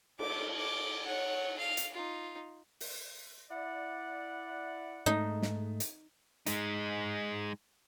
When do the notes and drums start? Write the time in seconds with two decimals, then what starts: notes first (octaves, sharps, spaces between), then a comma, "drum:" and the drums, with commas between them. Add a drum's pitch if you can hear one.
0.19 A3 D6, drum: cymbal
0.58 D6
1.06 C#5 F#5
1.58 F5 F6
1.77 drum: hi-hat
1.94 D#4 F4
2.80 drum: open hi-hat
3.50 E4 D5 F#5
5.06 G#2 G#3 A3 D#4
5.42 drum: snare
5.80 drum: hi-hat
6.46 G#3 D#4, drum: hi-hat